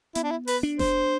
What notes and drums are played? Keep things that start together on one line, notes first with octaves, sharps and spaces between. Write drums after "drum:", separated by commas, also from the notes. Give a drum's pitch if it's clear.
B3 E4, drum: hi-hat
D4
E4
B4, drum: open hi-hat
D4
C5, drum: snare F1